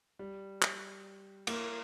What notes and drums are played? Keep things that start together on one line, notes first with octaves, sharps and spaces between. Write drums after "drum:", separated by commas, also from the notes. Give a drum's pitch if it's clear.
G3
drum: clap
A#3, drum: cymbal